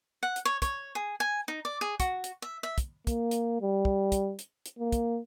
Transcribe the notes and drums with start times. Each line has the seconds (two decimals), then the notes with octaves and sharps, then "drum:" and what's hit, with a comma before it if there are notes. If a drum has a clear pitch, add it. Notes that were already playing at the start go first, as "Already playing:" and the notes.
0.23 F#5
0.36 drum: hi-hat
0.45 C#5
0.62 C#5, drum: kick, hi-hat
0.95 G#4
1.20 G#5
1.48 D#4
1.65 D5
1.81 G#4
2.00 F#4, drum: kick, hi-hat
2.24 drum: hi-hat
2.42 E5
2.63 E5
2.78 drum: kick, hi-hat
3.07 A#3, drum: kick, hi-hat
3.31 drum: hi-hat
3.61 G3
3.85 drum: kick
4.12 drum: kick, hi-hat
4.39 drum: hi-hat
4.66 drum: hi-hat
4.79 A#3
4.92 drum: kick, hi-hat